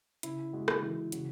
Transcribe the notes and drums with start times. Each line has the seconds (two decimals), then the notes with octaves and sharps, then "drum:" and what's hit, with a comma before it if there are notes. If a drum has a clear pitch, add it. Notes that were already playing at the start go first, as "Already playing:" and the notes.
0.23 C#3 E4, drum: hi-hat
0.53 G#3 F#4
0.68 drum: rim click
0.82 E3 E4
1.12 C#3 F#4, drum: hi-hat